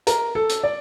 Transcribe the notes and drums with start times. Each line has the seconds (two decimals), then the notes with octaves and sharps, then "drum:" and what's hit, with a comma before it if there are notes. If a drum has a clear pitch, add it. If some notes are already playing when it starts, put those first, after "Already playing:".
0.07 A#4, drum: hi-hat
0.35 A4
0.49 drum: hi-hat
0.64 D5